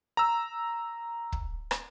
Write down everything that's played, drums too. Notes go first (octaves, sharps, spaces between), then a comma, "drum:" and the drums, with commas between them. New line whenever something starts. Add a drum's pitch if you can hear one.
A#5 E6
drum: kick
drum: rim click